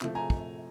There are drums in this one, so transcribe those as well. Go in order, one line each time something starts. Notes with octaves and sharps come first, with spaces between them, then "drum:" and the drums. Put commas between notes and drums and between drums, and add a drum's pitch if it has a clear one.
C3 F3 A3, drum: clap
G#5 A#5
drum: kick